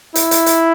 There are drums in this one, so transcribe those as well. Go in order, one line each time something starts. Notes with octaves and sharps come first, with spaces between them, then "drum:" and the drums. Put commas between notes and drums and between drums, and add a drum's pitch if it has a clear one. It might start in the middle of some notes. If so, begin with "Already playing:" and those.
E4, drum: hi-hat
drum: hi-hat
drum: hi-hat